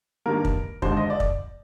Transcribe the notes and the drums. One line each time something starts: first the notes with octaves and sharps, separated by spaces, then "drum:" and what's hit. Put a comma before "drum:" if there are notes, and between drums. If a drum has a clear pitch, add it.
G2 D#3 A#3 A#4
drum: kick
D#2 D3 G#3 C5, drum: kick
D#5
D5
drum: kick